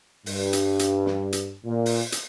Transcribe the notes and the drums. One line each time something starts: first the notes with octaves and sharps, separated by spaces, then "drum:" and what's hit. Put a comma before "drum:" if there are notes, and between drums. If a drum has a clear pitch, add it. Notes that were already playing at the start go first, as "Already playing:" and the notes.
G2, drum: open hi-hat
drum: hi-hat
drum: hi-hat
drum: snare
drum: hi-hat
A#2
drum: open hi-hat
drum: hi-hat